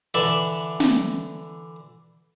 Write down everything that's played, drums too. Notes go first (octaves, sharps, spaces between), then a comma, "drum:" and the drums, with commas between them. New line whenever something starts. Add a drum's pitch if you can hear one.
D3 E3 D5 E5
drum: snare